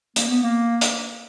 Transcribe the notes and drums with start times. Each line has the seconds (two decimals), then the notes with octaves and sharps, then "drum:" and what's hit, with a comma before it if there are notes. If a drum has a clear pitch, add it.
0.16 A#3, drum: hi-hat
0.30 B3
0.43 A#3
0.81 drum: hi-hat